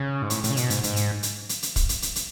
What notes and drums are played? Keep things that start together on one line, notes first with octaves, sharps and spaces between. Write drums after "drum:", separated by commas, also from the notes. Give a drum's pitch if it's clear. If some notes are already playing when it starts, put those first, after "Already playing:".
Already playing: C#3
G#2
A2, drum: hi-hat
A2, drum: hi-hat
C#3
B2, drum: hi-hat
G#2, drum: hi-hat
G#2, drum: hi-hat
drum: hi-hat
drum: hi-hat
drum: hi-hat
drum: hi-hat
drum: kick, hi-hat
drum: hi-hat
drum: hi-hat
drum: hi-hat